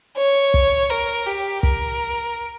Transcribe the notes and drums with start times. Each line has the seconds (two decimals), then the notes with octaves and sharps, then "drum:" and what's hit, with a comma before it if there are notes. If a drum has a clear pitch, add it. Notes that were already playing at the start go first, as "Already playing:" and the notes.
0.17 C#5
0.54 drum: kick
0.90 A#4
1.27 G4
1.63 A#4, drum: kick